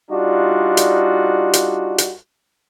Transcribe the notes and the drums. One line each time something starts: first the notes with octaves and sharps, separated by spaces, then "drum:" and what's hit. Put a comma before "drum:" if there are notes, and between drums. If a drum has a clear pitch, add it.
G3 D4 D#4 F4 F#4
drum: hi-hat
drum: hi-hat
drum: hi-hat